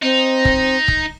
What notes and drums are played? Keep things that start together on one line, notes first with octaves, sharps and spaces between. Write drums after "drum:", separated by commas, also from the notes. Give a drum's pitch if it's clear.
C4 D#4
drum: kick
drum: kick